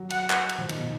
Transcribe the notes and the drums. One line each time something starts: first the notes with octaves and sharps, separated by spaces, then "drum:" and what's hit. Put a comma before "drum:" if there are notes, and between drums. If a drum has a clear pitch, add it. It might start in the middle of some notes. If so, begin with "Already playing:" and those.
Already playing: F#3
F#5, drum: cymbal
drum: clap
drum: cymbal
F3
D#3, drum: cymbal
B2